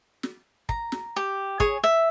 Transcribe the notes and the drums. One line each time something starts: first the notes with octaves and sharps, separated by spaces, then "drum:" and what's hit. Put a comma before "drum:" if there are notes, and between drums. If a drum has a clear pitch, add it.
drum: snare
A#5, drum: kick
drum: snare
G4
G#4 C#5, drum: kick
E5